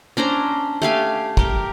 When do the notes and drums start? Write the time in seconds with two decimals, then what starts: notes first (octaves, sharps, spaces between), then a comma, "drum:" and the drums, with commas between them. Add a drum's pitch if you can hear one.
0.17 C#4 D4 C5 A#5
0.82 A3 G4 F5 G#5
1.37 G4 A#4, drum: kick